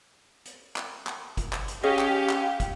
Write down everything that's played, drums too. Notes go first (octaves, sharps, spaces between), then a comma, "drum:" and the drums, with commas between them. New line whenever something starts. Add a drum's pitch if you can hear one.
drum: hi-hat
drum: clap
drum: clap
drum: kick, hi-hat
drum: clap
drum: hi-hat
C#4 G4 G#4 D#5 F5
drum: clap
drum: clap
drum: kick, hi-hat